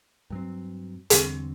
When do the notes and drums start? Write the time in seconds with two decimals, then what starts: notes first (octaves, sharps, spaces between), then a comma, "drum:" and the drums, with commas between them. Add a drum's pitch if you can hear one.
0.30 G2 F#3 C4
1.10 E2 D3 G3 C4, drum: hi-hat